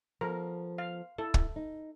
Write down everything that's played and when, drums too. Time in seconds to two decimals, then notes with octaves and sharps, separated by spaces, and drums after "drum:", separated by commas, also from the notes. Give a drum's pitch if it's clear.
0.21 F3 B3 A4 A#4
0.78 F5
1.18 E4 A4
1.34 drum: kick
1.56 D#4